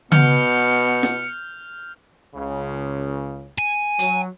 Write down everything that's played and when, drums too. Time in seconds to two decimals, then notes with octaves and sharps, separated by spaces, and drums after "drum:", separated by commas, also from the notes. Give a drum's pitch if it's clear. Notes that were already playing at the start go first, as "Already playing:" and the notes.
0.12 B2 B3 F6 G6 C#7 F7, drum: tom C#3
1.03 drum: snare
2.34 C#2 C#3
3.59 G#5
3.99 F#3, drum: hi-hat